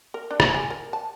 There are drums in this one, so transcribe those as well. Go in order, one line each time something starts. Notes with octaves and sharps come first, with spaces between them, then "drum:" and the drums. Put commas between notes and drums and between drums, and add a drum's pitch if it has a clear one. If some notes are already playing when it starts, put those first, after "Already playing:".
A#4
D4
drum: rim click
G#5
A#4
A5